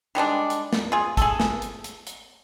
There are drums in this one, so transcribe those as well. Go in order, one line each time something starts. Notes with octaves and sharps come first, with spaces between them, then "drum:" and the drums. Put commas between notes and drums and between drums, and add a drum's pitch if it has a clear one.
D#3 G3 G#3 D4
drum: hi-hat
drum: snare
F4 G#4
G#4 A4, drum: kick G1, hi-hat
drum: snare
drum: hi-hat
drum: hi-hat
drum: hi-hat